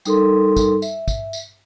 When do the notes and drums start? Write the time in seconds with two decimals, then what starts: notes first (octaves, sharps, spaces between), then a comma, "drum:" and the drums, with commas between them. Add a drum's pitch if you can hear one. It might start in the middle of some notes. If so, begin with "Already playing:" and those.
0.05 G3 D#4 A4 A#4 C6, drum: tambourine
0.57 drum: kick, tambourine
0.82 E5, drum: tambourine
1.08 drum: kick, tambourine
1.33 drum: tambourine